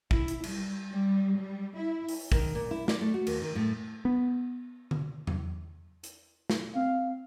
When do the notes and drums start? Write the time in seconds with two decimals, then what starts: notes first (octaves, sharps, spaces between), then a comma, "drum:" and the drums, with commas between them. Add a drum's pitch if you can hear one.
0.11 E4, drum: kick
0.28 drum: hi-hat
0.44 G3, drum: cymbal
0.91 G3
1.36 G3
1.77 E4
2.09 drum: open hi-hat
2.32 D#3, drum: kick
2.55 A#2
2.71 E4
2.88 D5, drum: snare
3.01 A3
3.14 F#4
3.27 D#2, drum: cymbal
3.42 D#3
3.55 A2
4.05 B3
4.91 drum: tom D3
5.27 drum: tom
6.04 drum: hi-hat
6.50 drum: snare
6.75 C4 F5